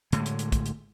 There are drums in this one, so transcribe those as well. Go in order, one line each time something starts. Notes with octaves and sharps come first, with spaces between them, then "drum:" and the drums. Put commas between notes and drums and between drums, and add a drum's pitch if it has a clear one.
A2 D3 G#3, drum: hi-hat
drum: hi-hat
drum: hi-hat
drum: kick, hi-hat
drum: hi-hat